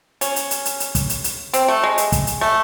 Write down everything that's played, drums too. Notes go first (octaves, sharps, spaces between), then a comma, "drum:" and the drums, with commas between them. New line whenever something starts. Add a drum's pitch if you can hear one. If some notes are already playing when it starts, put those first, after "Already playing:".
C#4, drum: hi-hat
drum: hi-hat
drum: hi-hat
drum: hi-hat
drum: hi-hat
drum: kick, hi-hat
drum: hi-hat
drum: hi-hat
C4, drum: hi-hat
A3
G#3
drum: hi-hat
drum: kick, hi-hat
drum: hi-hat
A3